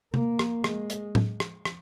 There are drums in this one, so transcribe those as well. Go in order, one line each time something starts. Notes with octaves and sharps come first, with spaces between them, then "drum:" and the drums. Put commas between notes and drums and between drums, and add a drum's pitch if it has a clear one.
A#3, drum: tom C3
drum: rim click
G#3, drum: rim click
drum: hi-hat
drum: tom A2
drum: rim click
drum: rim click